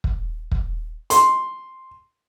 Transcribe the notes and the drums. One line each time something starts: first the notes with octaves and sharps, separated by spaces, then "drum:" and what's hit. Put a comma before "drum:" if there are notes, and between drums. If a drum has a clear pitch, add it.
drum: kick
drum: kick
C6, drum: hi-hat